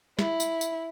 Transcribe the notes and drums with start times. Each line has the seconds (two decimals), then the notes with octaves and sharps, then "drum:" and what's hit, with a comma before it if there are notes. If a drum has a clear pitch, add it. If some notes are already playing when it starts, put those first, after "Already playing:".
0.19 E4, drum: snare
0.40 drum: tambourine
0.61 drum: tambourine